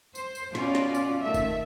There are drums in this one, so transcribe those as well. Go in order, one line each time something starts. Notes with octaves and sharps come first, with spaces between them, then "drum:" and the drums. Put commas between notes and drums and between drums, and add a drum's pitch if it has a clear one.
C5, drum: tambourine
drum: tambourine
B2 C#4 F4 D5, drum: snare
drum: snare
drum: tambourine
D#3 A3 E5
drum: kick, tambourine